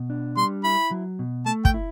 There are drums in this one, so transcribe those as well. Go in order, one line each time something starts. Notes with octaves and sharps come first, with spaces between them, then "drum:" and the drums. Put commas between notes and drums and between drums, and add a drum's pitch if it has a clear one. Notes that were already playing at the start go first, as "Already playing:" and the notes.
Already playing: B2
D4
G3 C6
E4 B5
F#3
B2
A3 A5
G5, drum: kick
E4